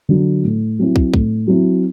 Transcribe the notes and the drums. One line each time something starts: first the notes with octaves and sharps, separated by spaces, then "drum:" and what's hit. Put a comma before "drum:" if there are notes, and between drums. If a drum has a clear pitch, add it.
D3 F#3
A2
F#3 C4 E4
drum: kick
A2, drum: kick
F#3 C4 E4